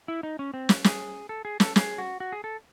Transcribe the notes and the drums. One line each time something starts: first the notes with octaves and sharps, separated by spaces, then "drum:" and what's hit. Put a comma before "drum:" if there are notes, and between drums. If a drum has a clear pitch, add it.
E4
D#4
C#4
C4
drum: snare
G#4, drum: snare
A4
G#4
A4, drum: snare
G#4, drum: snare
F#4
F#4
G#4
A4